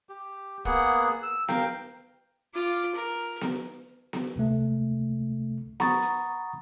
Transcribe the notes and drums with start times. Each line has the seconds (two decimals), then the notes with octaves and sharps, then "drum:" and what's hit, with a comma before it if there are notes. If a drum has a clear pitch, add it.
0.09 G4
0.65 A#3 B3 G#4 F#5, drum: kick
1.23 E6
1.48 A#4 F5 G5, drum: snare B3
2.54 F4 D6
2.95 A#4
3.41 drum: snare B3
4.13 drum: snare B3
4.36 C#2 C3 A3
5.80 F#5 A#5 B5 C#6 D#6 A6, drum: snare B3
6.02 drum: hi-hat